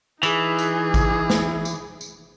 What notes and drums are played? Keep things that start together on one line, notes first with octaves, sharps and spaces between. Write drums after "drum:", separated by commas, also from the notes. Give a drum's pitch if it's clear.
E3 D#4 G#4, drum: tambourine
drum: tambourine
drum: kick A1, tambourine
drum: snare
drum: tambourine
drum: tambourine